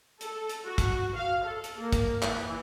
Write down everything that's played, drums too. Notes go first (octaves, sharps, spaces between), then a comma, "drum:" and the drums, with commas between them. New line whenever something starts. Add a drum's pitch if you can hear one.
A4, drum: hi-hat
drum: hi-hat
F#4
drum: kick, hi-hat
F5
A4
drum: hi-hat
A#3
drum: kick, hi-hat
E3, drum: clap